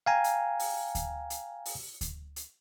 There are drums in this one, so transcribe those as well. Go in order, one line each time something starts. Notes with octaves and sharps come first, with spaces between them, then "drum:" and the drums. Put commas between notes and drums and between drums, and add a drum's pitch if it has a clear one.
F5 G5 G#5 A#5
drum: hi-hat
drum: open hi-hat
drum: kick D2, hi-hat
drum: hi-hat
drum: open hi-hat
drum: kick D2, hi-hat
drum: hi-hat